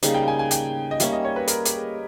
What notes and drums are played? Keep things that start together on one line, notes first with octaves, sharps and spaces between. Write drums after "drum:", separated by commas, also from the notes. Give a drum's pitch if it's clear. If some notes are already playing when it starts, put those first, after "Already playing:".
C#3 G3 A#3 D#4 G#4, drum: hi-hat
G5
G#5
G#5
G5, drum: hi-hat
D#5
G3 A#3 C#4 E5, drum: hi-hat
D#5
C#5
B4
A#4, drum: hi-hat
G4, drum: hi-hat
G#4